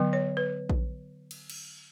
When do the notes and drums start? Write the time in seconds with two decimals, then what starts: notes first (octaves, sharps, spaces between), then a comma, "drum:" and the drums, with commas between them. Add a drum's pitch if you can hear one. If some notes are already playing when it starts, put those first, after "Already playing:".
Already playing: D3 F#3 B3
0.13 C#5
0.37 B4
0.70 drum: kick A#1
1.31 drum: cymbal
1.50 drum: cymbal